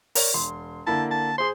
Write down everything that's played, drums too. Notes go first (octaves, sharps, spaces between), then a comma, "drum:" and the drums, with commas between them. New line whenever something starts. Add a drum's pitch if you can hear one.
A#4 C#5 D5, drum: open hi-hat
E1 C6
D3 A#3 E4 A5
A5
G#4 C5 C6